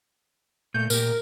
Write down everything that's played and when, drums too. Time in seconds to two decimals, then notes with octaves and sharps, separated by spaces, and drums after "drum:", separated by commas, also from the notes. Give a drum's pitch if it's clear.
0.74 A#2 A3 G6
0.90 A#2 G4 A#4, drum: tambourine